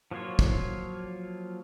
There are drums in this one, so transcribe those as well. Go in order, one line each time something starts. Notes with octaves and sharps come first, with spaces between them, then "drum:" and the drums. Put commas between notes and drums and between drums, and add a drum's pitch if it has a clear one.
F3 F#3 A#3 F4 C#5
drum: kick